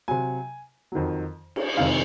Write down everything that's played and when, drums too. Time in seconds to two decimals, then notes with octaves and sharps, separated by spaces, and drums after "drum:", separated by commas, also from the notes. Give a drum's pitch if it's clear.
0.08 C3 F#3 G#5
0.92 F2 D#3 F#3
1.56 drum: cymbal
1.76 F2 C3 D#3 G#3 F5